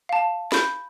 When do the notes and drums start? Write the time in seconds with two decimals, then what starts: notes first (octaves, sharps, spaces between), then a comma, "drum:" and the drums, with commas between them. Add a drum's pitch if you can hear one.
0.09 F5 A5
0.52 B5 G6, drum: snare